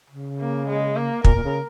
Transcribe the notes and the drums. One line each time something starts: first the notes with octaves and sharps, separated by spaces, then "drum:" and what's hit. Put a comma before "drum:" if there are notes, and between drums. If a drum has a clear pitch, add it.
C#3
A#3
G#3
A#3
A#2 A#4, drum: kick
A#2
C#3